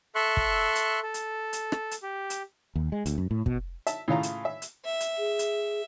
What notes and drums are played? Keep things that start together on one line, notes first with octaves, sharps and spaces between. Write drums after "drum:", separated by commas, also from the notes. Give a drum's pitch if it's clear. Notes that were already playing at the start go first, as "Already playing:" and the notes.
A4 E5 C6 C#6 F#6
drum: kick
drum: hi-hat
A4
drum: hi-hat
drum: hi-hat
drum: rim click
drum: hi-hat
G4
drum: hi-hat
D#2
G#3
D2, drum: hi-hat
F#2
A2
B2, drum: kick
E5 A5, drum: hi-hat
A2 C#3 F4 A#5
drum: hi-hat
E5
drum: hi-hat
E5
drum: hi-hat
G#4
drum: hi-hat